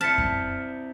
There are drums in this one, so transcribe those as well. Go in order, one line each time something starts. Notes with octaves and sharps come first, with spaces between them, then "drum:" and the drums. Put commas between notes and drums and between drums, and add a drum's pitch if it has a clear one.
C4 E4 A5 F6 B6 C#7
drum: kick F#2